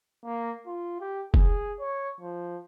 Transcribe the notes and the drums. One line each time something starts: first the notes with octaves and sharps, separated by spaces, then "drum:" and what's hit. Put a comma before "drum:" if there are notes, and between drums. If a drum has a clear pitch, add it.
A#3
F4
G4
G#4, drum: kick
C#5
F3